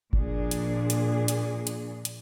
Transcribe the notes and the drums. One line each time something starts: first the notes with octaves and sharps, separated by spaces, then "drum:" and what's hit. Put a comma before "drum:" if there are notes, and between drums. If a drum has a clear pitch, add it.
A#2 F3 D4 G#4, drum: kick G1
drum: hi-hat
drum: hi-hat
drum: hi-hat
drum: hi-hat
drum: hi-hat